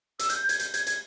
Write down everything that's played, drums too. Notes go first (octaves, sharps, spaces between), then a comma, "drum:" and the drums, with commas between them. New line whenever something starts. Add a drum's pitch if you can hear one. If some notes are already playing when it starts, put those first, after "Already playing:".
E6, drum: hi-hat
G6, drum: hi-hat
G6
G#6, drum: hi-hat
G6, drum: hi-hat
G#6, drum: hi-hat
G#6, drum: hi-hat